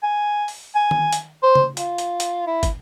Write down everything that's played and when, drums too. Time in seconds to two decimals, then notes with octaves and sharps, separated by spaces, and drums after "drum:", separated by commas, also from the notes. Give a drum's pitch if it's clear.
0.03 G#5
0.48 drum: open hi-hat
0.75 G#5
0.91 drum: tom D#3
1.13 drum: hi-hat
1.43 C5
1.55 drum: tom C#3
1.77 F4, drum: hi-hat
1.98 drum: hi-hat
2.20 drum: hi-hat
2.47 E4
2.63 drum: kick, hi-hat